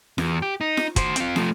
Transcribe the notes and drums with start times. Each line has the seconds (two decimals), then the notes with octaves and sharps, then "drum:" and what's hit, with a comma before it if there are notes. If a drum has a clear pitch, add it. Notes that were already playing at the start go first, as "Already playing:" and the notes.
0.18 E2, drum: snare
0.42 G4
0.61 D#4
0.77 drum: snare
0.96 F#4 C5, drum: kick, hi-hat
1.16 C4 F4, drum: hi-hat
1.36 F3 A3, drum: snare